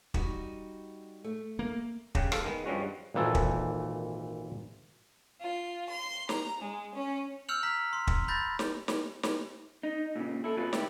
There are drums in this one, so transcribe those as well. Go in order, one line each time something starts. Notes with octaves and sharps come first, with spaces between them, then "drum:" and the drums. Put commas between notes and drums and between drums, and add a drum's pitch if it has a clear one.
G3 D#4 F#4, drum: kick
A3
A#3
C#3 G4 F#5, drum: kick
G#2 A4 F5, drum: rim click
D#3 G#3 B3
G2 F3 G3 G#3 C#4 F#4
G#1 A#2 E3 A4
drum: kick
F4
C6
A#5, drum: snare
G#3
C#4
E6 F6 G6 C#7 F7 F#7
A#5 F6 B6
C6
drum: kick
B5 G6 A6 A#6
drum: snare
drum: snare
drum: snare
D#4
A#2 C#3
E4 A4
A#2 F#3 C4 F4 G#4 B4
D2 G#2 E4 G4 D5, drum: snare